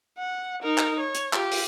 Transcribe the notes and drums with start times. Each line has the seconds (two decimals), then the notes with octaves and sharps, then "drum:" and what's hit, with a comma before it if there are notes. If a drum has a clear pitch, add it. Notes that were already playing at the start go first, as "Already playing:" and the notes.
0.19 F#5
0.62 D#4 A#4
0.78 drum: clap
0.99 C#5
1.15 drum: hi-hat
1.33 F4 G4, drum: clap
1.52 drum: open hi-hat